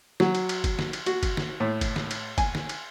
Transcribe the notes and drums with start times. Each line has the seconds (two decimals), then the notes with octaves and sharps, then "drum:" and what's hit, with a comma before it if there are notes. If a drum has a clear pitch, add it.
0.20 F#3, drum: snare
0.35 drum: cymbal
0.49 drum: cymbal
0.64 drum: kick G1, cymbal
0.79 drum: snare
0.93 drum: cymbal
1.06 F#4, drum: cymbal
1.23 drum: kick G1, cymbal
1.37 drum: snare
1.60 A2
1.81 drum: kick G1, cymbal
1.96 drum: snare
2.11 drum: cymbal
2.38 G#5, drum: kick G1, cymbal
2.55 drum: snare
2.69 drum: cymbal